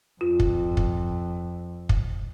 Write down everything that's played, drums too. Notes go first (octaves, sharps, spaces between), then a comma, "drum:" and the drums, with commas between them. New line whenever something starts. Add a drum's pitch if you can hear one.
F2 F4
drum: kick
drum: kick
drum: kick